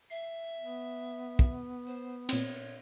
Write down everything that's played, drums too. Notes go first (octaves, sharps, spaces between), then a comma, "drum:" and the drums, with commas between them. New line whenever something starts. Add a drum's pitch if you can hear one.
E5 C7
B3
drum: kick
C5
A#2 C4 C#5, drum: cymbal